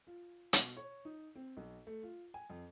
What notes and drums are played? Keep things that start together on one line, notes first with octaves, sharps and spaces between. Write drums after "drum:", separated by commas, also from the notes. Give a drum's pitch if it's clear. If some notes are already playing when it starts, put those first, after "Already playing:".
F4
B2, drum: hi-hat
C#5
D#4
C4
B1
A3
F4
G#5
F2